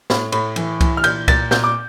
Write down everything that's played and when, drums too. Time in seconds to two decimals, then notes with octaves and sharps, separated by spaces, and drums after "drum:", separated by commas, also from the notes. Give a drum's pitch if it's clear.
0.10 A2, drum: snare
0.32 A2, drum: cymbal
0.56 E3, drum: cymbal
0.81 E3, drum: kick C2, cymbal
0.97 F6
1.04 A#2 G6, drum: cymbal
1.28 A#2 A6, drum: kick C2, cymbal
1.51 A#2 G6, drum: snare
1.64 D6